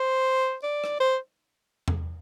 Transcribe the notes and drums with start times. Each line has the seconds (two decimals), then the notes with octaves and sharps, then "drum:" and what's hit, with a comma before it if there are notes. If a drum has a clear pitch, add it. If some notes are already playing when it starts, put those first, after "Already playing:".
Already playing: C5
0.63 D5
0.84 drum: rim click
1.00 C5
1.88 drum: tom E2